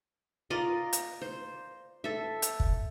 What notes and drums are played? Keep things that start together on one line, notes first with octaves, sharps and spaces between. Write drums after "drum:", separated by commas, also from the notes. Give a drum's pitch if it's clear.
F4 A#4 D5 D#5
drum: hi-hat
C5
A4 E5
drum: hi-hat
drum: kick